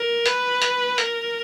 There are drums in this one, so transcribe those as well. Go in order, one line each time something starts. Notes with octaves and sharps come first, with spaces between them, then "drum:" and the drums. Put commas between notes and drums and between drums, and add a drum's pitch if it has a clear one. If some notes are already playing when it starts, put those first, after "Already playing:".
Already playing: A#4
B4, drum: hi-hat
drum: hi-hat
A#4, drum: hi-hat